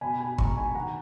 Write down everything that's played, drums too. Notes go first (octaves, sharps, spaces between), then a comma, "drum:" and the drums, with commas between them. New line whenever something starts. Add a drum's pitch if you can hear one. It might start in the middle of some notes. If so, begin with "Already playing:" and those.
B2 G#5 B5
G#5 B5
G#3 A#5 C#6, drum: kick
G#5 B5
D#3 F#5 A#5